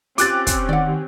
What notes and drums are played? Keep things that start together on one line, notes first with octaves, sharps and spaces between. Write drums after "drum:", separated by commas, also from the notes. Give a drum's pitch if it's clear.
C4 C#4 F4 G4 D6 F#6 A6, drum: hi-hat
drum: kick, hi-hat
D#3 D5 F#5